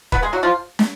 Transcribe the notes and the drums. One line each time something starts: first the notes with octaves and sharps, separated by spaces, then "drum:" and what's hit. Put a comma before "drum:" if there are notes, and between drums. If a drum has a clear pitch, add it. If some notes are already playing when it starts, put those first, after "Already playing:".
B3 B4, drum: kick D#1
G#3 G#4
F#3 F#4
F3 F4
drum: snare